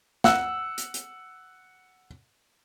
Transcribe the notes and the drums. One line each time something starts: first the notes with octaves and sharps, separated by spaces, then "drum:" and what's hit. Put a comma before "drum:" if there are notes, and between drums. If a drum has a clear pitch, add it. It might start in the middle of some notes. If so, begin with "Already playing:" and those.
F#5 E6, drum: snare
drum: hi-hat
drum: hi-hat